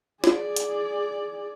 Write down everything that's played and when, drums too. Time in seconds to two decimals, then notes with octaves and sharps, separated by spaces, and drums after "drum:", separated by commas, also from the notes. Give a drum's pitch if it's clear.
0.24 G#4 D5, drum: snare
0.56 drum: hi-hat